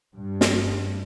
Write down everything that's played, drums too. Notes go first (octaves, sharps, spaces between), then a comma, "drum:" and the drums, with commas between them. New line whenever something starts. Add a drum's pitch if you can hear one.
G2
drum: snare